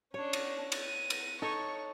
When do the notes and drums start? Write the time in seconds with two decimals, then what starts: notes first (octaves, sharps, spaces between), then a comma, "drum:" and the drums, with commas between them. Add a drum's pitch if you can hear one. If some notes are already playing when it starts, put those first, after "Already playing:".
0.14 C#4 D4 C#5
0.33 drum: cymbal
0.72 drum: cymbal
0.85 D#7
1.10 drum: cymbal
1.42 D#4 A4 C#5 C#6